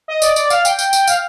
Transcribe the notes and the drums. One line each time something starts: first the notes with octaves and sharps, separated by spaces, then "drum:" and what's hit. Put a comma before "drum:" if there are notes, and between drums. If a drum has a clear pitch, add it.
D#5
D5, drum: tambourine
D5, drum: tambourine
F5, drum: tambourine
G5, drum: tambourine
drum: tambourine
drum: tambourine
F5, drum: tambourine